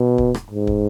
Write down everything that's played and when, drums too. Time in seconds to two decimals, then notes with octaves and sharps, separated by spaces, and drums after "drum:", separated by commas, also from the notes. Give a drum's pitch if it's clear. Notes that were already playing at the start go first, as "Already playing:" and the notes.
Already playing: B2
0.18 drum: kick
0.34 drum: rim click
0.50 G#2
0.67 drum: kick